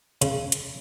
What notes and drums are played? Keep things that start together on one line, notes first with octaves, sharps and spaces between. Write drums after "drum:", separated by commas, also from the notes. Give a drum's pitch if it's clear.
C#3, drum: hi-hat
drum: hi-hat